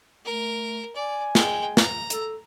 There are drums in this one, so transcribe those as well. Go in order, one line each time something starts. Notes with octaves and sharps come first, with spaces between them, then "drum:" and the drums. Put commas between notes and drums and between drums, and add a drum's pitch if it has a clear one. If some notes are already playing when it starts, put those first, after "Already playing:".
A3 A#4
D5 G#5
G#3 G5, drum: snare
A#5, drum: snare
A4, drum: hi-hat